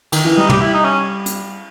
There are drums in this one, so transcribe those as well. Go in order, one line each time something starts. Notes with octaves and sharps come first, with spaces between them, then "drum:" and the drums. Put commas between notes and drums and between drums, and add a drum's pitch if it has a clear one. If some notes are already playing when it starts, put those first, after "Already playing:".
D#3, drum: cymbal
E3
G3 D#4
G4, drum: tom
E4
D#4
C#4
drum: hi-hat